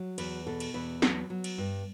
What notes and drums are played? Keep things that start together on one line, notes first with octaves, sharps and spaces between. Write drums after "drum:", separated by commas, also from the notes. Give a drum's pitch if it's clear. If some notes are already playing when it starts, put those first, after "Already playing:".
Already playing: F#3
E2 B4, drum: cymbal
B2 A4
drum: cymbal
E2 B4
F#3, drum: snare
F#3
drum: cymbal
G2